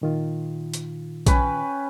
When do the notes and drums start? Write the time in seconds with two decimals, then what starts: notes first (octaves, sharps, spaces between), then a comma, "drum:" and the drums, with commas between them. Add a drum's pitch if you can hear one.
0.01 A#2 D#3 F4
0.74 drum: hi-hat
1.26 C#4 B4 G5, drum: kick A#1, hi-hat